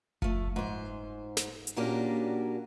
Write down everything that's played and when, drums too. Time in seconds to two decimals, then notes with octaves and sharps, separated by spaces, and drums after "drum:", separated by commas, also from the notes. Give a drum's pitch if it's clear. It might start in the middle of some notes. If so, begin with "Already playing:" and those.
0.22 F3 A3, drum: kick F#1
0.56 G#2 C5
1.37 drum: snare
1.67 drum: hi-hat
1.76 A#2 A#3 C#4 D4 F#4 G4